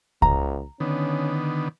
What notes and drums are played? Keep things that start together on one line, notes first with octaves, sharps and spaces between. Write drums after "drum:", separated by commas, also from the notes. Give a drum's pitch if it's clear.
C#2 A#5, drum: kick C#2
D3 D#3 B3 C#4